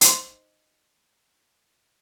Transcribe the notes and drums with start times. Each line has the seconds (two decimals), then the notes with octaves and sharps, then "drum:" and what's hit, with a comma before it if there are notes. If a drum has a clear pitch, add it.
0.01 D#4 C5, drum: hi-hat